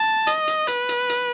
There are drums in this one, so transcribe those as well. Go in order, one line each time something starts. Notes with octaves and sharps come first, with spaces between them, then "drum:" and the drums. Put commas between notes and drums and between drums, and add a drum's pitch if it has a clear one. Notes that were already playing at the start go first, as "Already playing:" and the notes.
Already playing: A5
D#5, drum: hi-hat
drum: hi-hat
B4, drum: hi-hat
drum: hi-hat
drum: hi-hat